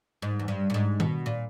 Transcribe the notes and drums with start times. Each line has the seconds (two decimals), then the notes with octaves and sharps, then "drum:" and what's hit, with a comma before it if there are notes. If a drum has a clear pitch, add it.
0.22 G#2
0.39 E2
0.48 G2
0.70 A#2
0.74 G#2
1.00 B2, drum: tom D#3
1.26 A#2